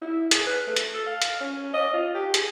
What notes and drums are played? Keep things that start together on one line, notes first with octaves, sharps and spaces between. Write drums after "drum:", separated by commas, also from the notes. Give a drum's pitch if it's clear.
E4
G#4, drum: hi-hat
B4
A3
drum: hi-hat
A4
F5
drum: hi-hat
C#4
D#5
F4
G4
G#4, drum: hi-hat